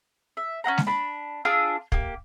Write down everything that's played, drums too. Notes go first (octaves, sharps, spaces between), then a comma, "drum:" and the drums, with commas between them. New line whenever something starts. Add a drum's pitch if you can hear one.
E5
C#4 E4 F#5 A#5
drum: snare G#3
D4 A5 B5
D4 F4 G#4 E6
A#3 G4, drum: kick